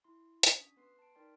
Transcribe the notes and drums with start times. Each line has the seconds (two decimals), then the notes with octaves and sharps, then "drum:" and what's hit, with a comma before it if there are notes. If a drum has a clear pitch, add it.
0.04 E4 C6
0.43 C#4 D4 F#4 D#6 B6, drum: hi-hat
0.76 B3 B4 C6 C7
0.99 A5 D7
1.15 D#4 A#4 D5 G5 C6